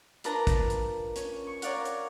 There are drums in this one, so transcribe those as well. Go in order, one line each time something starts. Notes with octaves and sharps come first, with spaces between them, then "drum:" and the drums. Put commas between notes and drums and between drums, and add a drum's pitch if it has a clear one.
D4 F4 A#4 B4 A5 A#5, drum: hi-hat
drum: kick, hi-hat
drum: hi-hat
C#4, drum: hi-hat
C#6
A#4 C#5 D5 F5 F#5, drum: hi-hat
drum: hi-hat